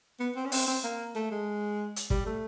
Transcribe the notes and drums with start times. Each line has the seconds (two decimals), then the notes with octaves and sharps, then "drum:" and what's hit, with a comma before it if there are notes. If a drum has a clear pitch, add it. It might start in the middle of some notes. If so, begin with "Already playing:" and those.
0.20 B3
0.36 C4
0.45 C#4
0.52 C4, drum: open hi-hat
0.68 C4
0.84 A#3
1.15 A3
1.31 G#3
1.96 drum: hi-hat
2.10 G3, drum: kick
2.26 A3